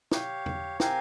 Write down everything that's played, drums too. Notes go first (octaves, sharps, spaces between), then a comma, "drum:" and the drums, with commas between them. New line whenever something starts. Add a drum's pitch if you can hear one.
G4 C#5 F5, drum: snare
drum: tom E2
C4 G4 A#4 F5 G#5, drum: snare